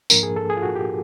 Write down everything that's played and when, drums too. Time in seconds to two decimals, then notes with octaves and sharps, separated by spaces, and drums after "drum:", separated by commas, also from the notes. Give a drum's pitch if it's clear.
0.10 G#2 F3 A#3 D4 A#4, drum: tambourine
0.23 G#4
0.36 A4
0.50 G#4
0.57 F4
0.63 F#4
0.76 G4